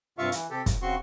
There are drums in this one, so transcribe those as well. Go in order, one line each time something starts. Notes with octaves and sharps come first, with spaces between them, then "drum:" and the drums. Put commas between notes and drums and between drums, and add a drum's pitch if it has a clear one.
G2 C3 F4 E5 F5 C#6
E3, drum: hi-hat
C3 G4 A4
A2, drum: kick, hi-hat
C#3 C4 F#4 C6 C#6